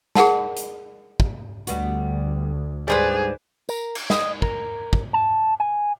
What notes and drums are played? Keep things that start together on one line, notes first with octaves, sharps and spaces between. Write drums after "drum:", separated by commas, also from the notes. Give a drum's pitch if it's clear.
G#4 A#4 F#5 A5, drum: snare
drum: hi-hat
drum: kick
D2 G3 B3 F#4, drum: hi-hat
G#2 D3 G3 G#4 B4 C5 D5
A#4, drum: tambourine
drum: cymbal
D#5, drum: snare
A#4, drum: kick
drum: kick
A5
G#5